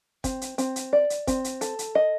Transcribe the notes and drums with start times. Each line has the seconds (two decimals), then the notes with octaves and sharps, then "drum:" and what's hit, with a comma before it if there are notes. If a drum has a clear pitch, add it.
0.24 C4, drum: kick, hi-hat
0.41 drum: hi-hat
0.58 C4, drum: hi-hat
0.76 drum: hi-hat
0.93 D5
1.10 drum: hi-hat
1.27 C4, drum: kick, hi-hat
1.44 drum: hi-hat
1.61 A4, drum: hi-hat
1.79 drum: hi-hat
1.95 D#5